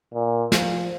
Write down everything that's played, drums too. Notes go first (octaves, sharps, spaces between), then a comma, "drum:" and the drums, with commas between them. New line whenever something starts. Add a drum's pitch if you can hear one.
A#2
F3, drum: snare